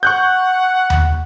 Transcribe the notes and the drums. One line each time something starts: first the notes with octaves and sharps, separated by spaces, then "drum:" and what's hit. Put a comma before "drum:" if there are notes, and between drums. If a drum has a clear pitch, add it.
F#5 C#6 F#6 G6
drum: tom D#2